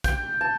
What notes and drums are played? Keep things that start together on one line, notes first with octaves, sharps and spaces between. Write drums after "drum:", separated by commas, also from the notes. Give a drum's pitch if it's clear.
G5, drum: kick, hi-hat
A5